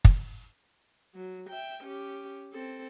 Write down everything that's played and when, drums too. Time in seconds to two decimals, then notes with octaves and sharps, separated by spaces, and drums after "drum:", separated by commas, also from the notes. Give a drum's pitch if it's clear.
0.05 drum: kick
1.14 F#3
1.49 E5 G5
1.84 C#4 G4
2.52 C4 A4